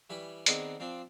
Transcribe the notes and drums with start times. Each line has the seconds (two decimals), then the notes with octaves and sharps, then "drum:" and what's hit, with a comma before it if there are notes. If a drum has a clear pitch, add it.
0.10 E3 G3 G#5 B5 C#6
0.46 D#3 B3 C4 D4 D#4 G#4, drum: hi-hat
0.80 F3 C4 D4